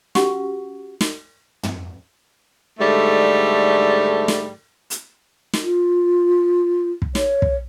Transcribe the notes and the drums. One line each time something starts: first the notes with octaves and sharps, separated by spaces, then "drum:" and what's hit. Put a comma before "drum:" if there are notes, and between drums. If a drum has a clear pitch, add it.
C#4 F#4 G4 F#5 C#6, drum: snare
drum: snare
drum: tom
G#2 D3 G3 A3
drum: snare
drum: hi-hat
drum: snare
F4
drum: kick
C#5, drum: snare
drum: kick